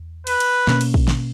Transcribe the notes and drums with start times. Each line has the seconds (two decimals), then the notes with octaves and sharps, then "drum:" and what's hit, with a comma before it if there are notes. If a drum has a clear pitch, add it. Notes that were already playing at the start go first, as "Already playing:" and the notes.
Already playing: E2
0.27 B4, drum: cymbal
0.40 drum: cymbal
0.67 B2 A#3 C#4, drum: snare
0.81 drum: cymbal
0.94 drum: kick
1.08 drum: snare